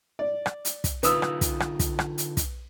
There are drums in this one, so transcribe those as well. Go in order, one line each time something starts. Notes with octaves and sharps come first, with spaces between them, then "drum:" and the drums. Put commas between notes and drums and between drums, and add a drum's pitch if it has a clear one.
D5
drum: rim click
drum: hi-hat
drum: kick, hi-hat
D3 D#4 F4 B4 D#6 E6, drum: hi-hat
drum: rim click
drum: kick, hi-hat
drum: rim click
drum: kick, hi-hat
drum: rim click
drum: hi-hat
drum: kick, hi-hat